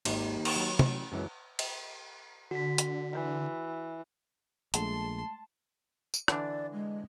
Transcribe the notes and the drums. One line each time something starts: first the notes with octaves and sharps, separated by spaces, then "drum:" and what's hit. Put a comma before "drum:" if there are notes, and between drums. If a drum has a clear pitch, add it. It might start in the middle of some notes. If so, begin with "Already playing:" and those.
G#1 D#2 C5 D5, drum: cymbal
drum: cymbal
F#3
A1, drum: tom
C#2 F#2 E3 F#3
drum: cymbal
D3 F#4 B6
drum: hi-hat
E3
A#1 G#3 A3 A5 C6, drum: hi-hat
drum: tambourine
D3 E3 D4 D5, drum: rim click
G#3